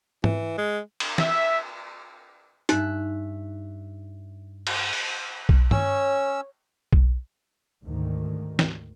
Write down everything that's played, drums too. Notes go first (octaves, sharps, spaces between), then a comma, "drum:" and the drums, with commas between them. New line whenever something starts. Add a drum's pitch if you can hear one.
E3, drum: tom G#2
G#3
drum: cymbal
E5, drum: snare
G2 D#4 E5 F#6, drum: hi-hat
drum: cymbal
drum: open hi-hat
drum: kick B1
C#4 C#5 E6, drum: tom G2
drum: kick B1
D2 G#2 D#3
drum: snare